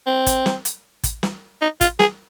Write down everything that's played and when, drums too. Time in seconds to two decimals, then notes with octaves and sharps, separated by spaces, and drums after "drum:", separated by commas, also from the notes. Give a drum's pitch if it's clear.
0.07 C4
0.26 drum: kick, hi-hat
0.46 drum: snare
0.65 drum: hi-hat
1.04 drum: kick, hi-hat
1.23 drum: snare
1.62 D#4
1.81 F4, drum: kick, hi-hat
1.99 G#4, drum: snare